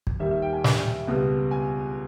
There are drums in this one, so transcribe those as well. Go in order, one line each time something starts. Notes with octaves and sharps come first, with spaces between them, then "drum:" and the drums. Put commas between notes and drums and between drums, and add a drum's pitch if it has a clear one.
drum: kick
D#2 D#3 G3 E5
E5
G5
G#5
G5, drum: snare
C#2 B2 G3
G#5